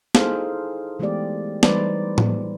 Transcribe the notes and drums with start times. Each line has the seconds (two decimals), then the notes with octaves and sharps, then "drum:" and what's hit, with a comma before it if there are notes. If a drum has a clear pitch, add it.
0.15 D#4 E4 G#4 A4 C5 F5, drum: snare
0.99 E3 G#3 A3 B3 G4 D5
1.63 E3 G3 D#4 B4 C5 D5, drum: snare
2.18 drum: tom A2